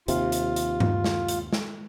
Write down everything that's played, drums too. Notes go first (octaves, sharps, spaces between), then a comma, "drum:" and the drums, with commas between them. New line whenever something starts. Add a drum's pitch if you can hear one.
D#2 C3 F4, drum: hi-hat
drum: hi-hat
drum: hi-hat
drum: tom G2
drum: snare
drum: hi-hat
drum: snare